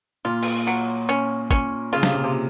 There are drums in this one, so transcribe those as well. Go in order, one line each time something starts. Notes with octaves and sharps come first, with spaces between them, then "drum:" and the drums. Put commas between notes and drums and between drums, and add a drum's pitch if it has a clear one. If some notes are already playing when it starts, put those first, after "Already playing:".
A#2 F4
drum: cymbal
F#3
C#4
C#4, drum: kick
C#3 F4
C3, drum: snare
A#2
C3